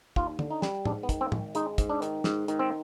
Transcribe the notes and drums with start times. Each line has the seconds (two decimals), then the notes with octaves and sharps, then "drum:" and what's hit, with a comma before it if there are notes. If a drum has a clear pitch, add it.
0.16 D#2 F4, drum: kick
0.39 D3, drum: tom
0.51 D#4
0.62 G3, drum: snare
0.85 G#2 D4, drum: tom A2
1.03 B3
1.09 D#3, drum: kick, hi-hat
1.21 C4
1.32 G#1, drum: tom A2
1.55 G#3 D#4, drum: hi-hat
1.78 G#2, drum: kick, hi-hat
1.89 D4
2.02 D#3, drum: hi-hat
2.24 G#2, drum: snare
2.48 D#3, drum: hi-hat
2.59 C4